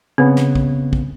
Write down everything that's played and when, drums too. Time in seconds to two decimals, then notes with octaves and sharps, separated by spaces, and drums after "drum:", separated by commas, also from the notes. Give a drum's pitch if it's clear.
0.18 C#3 B3 C4
0.37 drum: snare
0.55 drum: kick
0.93 drum: kick